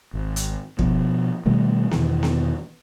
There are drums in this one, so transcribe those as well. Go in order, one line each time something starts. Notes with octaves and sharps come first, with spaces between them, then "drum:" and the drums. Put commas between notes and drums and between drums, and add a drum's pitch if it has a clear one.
G#1
drum: hi-hat
B2 F3, drum: kick
B2 D#3 G3 A3
E2 B2 D#3 E3, drum: snare B3
drum: snare B3